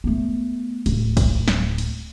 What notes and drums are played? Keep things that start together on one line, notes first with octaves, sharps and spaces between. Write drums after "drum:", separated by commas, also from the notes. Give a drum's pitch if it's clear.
A3 B3
D1, drum: cymbal
drum: kick, cymbal
drum: snare
drum: cymbal